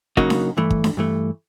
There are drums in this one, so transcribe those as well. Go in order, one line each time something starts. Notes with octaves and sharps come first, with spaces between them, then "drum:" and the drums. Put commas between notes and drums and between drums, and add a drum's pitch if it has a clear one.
C#3 F#3 A#3 D#4 F#4, drum: kick
drum: snare D4
G2 E3 A3
drum: kick
drum: snare D4
G2 E3 A3